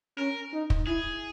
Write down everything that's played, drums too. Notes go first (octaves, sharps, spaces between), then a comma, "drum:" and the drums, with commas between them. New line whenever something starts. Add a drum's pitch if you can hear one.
C#4 A#4
D#4
drum: kick
E4 G#4